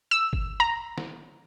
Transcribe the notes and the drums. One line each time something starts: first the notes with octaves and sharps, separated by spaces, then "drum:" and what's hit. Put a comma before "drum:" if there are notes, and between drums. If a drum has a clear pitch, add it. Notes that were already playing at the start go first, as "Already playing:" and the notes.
E6
drum: kick G1
A#5
drum: snare